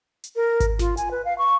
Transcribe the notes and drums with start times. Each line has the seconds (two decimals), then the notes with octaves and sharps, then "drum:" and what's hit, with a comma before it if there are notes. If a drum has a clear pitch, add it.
0.24 drum: hi-hat
0.36 A#4
0.60 drum: kick G#1, hi-hat
0.79 F4, drum: snare G1
0.97 G#5, drum: hi-hat
1.11 B4
1.25 F5
1.38 C#6